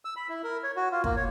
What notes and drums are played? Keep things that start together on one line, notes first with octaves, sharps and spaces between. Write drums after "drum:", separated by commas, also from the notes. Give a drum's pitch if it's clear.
E6
B5
E4
A#4
C#5
F#4
F4
A#3, drum: kick
C#5